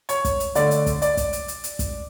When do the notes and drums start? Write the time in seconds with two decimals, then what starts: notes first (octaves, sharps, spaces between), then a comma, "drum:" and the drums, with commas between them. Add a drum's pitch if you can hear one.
0.09 C#5, drum: hi-hat
0.25 drum: kick, hi-hat
0.40 drum: hi-hat
0.55 D3 A3 D5, drum: hi-hat
0.71 drum: hi-hat
0.86 drum: kick, hi-hat
1.02 D5, drum: hi-hat
1.17 drum: kick, hi-hat
1.33 drum: hi-hat
1.48 drum: hi-hat
1.64 drum: hi-hat
1.79 drum: kick, hi-hat